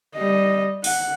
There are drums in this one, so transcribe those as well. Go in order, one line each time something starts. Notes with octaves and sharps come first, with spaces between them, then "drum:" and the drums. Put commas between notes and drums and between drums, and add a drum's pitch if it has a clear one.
G3 D#5
F#5, drum: open hi-hat